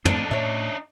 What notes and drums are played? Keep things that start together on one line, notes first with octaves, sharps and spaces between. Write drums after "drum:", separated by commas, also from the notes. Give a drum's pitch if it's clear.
F2 A3 C4 D4 D#4, drum: tom
A2 C#5 D5 E5